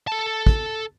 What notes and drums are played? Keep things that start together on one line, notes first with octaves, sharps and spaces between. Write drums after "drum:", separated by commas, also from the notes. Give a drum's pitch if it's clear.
A4 A5
drum: kick